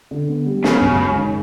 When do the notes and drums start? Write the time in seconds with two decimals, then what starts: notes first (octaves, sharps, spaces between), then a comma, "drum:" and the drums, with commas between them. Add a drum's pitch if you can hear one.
0.11 D3
0.28 B3
0.46 G3
0.64 C#3 B3, drum: snare
0.81 F#2
0.98 G#3
1.16 D#3